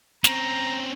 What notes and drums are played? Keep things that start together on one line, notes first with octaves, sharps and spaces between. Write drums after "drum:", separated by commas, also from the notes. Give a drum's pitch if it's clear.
C4 C#4 A#5, drum: snare